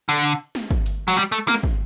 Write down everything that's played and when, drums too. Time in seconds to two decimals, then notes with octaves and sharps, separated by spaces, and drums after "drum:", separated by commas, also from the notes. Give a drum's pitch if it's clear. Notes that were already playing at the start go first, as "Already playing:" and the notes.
0.09 D3
0.24 drum: hi-hat
0.55 drum: snare
0.70 drum: kick
0.86 drum: hi-hat
1.08 F#3
1.17 G3, drum: hi-hat
1.32 A3
1.48 A#3, drum: snare
1.63 drum: kick